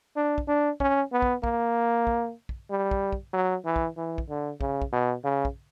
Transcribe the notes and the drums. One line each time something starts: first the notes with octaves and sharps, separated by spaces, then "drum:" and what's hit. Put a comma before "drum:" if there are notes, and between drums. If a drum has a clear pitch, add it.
D4
drum: kick
D4
C#4, drum: kick
B3
drum: kick
A#3, drum: kick
drum: kick
drum: kick
G3
drum: kick
drum: kick
F#3
E3
drum: kick
E3
drum: kick
D3
C#3, drum: kick
drum: kick
B2
C#3
drum: kick